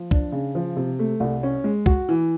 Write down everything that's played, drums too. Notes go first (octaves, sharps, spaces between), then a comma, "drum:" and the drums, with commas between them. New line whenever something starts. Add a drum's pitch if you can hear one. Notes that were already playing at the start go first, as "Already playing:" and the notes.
Already playing: F3
D4, drum: kick
C#3
F3
C3
A3
C2
C#4
G#3
F#4, drum: kick
E3